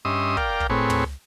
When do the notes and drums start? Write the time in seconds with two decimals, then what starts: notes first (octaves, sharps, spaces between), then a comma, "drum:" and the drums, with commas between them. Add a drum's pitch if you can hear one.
0.05 G2 C#4 D#5 E5 C6 D#6
0.37 A#4 D5 F5 G5, drum: kick
0.60 drum: kick
0.70 A2 C4 G#4 B4 C#5
0.90 drum: tom